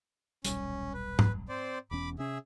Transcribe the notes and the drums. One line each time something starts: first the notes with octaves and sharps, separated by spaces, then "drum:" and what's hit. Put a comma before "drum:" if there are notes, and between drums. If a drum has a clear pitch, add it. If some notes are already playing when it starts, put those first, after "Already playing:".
D#1 B1 G3 C#4, drum: hi-hat
B4
drum: tom G#2
C4 C5 D5
E1 E2 C#4 B5 D6
C3 C#4 G#4 E5